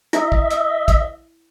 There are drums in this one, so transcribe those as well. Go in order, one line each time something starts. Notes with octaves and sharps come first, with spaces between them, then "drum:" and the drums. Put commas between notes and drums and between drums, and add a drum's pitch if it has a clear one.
E4 D#5 E5, drum: hi-hat
drum: kick
drum: hi-hat
drum: kick, hi-hat